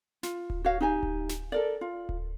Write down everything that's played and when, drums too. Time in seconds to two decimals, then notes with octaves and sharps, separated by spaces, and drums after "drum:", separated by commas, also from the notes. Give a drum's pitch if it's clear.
0.23 F4, drum: snare
0.50 drum: kick D1
0.64 F#4 C#5 F5
0.81 D#4 G4 G#5
1.03 drum: kick D1
1.29 drum: snare
1.52 A4 A#4 D5
1.81 F4
2.09 drum: kick D1